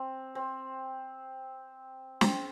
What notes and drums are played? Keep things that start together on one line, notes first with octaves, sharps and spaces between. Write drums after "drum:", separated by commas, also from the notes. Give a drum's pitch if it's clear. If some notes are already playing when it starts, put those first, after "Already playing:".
Already playing: C4
C4
C4, drum: snare